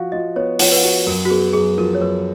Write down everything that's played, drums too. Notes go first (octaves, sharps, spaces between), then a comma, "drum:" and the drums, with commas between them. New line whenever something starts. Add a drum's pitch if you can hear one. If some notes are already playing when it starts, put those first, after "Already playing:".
Already playing: F3 F#4 F5
F3 D#5
B3 C#5
F3 C#5, drum: open hi-hat
B4
F#4
F#2 A#4
F#4
B3 G#4
F#2 G#4
F3 A#4
C#5
F#2 B4